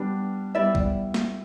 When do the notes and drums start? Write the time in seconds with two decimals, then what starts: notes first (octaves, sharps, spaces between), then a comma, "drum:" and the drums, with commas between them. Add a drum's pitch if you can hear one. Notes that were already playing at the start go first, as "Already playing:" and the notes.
Already playing: G3 B3 D4
0.55 G3 B3 E4 D5 E5
0.75 drum: kick
1.14 drum: snare